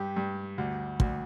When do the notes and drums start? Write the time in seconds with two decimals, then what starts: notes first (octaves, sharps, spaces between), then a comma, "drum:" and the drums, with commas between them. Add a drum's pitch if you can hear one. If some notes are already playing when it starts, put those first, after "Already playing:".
Already playing: G2 G4
0.16 G2
0.58 D2
1.00 D2, drum: kick